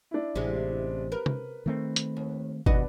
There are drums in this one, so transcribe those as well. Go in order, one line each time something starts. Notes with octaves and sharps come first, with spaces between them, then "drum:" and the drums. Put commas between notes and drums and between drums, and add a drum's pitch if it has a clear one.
D4 E4
A1 C3 G#3
A#4 B4
drum: tom
D#3 A3 C4
drum: hi-hat
D#2
D#2 B2 D4 F#4 B4 D#5, drum: kick